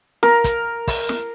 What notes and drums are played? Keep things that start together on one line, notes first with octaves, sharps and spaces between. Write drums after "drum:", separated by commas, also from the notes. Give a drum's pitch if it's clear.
A#4, drum: snare
drum: kick, hi-hat
drum: kick, open hi-hat
drum: snare